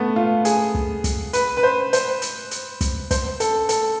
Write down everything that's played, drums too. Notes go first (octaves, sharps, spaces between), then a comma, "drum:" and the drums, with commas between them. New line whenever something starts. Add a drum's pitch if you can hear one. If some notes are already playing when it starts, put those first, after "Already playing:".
Already playing: A3 B3
F4
G#4, drum: hi-hat
drum: kick
drum: kick, hi-hat
B4, drum: hi-hat
B4
C5
C5, drum: hi-hat
drum: hi-hat
drum: hi-hat
drum: kick, hi-hat
C5, drum: kick, hi-hat
A4, drum: hi-hat
A4, drum: hi-hat